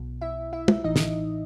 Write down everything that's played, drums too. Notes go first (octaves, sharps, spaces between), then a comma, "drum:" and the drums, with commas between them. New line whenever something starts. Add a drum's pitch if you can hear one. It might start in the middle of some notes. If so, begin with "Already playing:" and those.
Already playing: B1 B2
E4 E5
E4 E5
drum: tom
A1 A2 E3 D#4 D#5
drum: snare